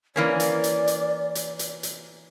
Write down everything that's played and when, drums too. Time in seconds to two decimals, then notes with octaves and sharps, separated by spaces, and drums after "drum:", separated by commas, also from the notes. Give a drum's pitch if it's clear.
0.16 E3 A#3 C#4 D5
0.40 drum: hi-hat
0.64 drum: hi-hat
0.88 drum: hi-hat
1.35 drum: hi-hat
1.59 drum: hi-hat
1.83 drum: hi-hat